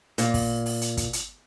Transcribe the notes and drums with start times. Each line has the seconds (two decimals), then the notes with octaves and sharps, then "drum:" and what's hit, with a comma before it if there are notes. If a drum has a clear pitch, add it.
0.18 A#2, drum: hi-hat
0.34 drum: kick, open hi-hat
0.66 drum: open hi-hat
0.81 drum: hi-hat
0.97 drum: kick, hi-hat
1.13 drum: hi-hat